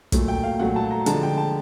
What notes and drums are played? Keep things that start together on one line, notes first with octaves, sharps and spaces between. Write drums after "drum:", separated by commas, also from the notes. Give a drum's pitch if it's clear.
A#2 F#3 A3, drum: kick, hi-hat
G5
F5
A#2 F#3 A3 F#5
A5
A#5
D3 F3 G#3 A5, drum: hi-hat
G5
A5